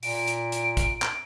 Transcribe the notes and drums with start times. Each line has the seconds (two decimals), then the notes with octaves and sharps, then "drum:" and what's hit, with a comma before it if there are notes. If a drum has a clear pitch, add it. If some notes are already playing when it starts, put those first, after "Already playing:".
0.03 A#2 D7, drum: open hi-hat
0.28 drum: hi-hat
0.52 drum: hi-hat
0.77 drum: kick, hi-hat
1.02 drum: clap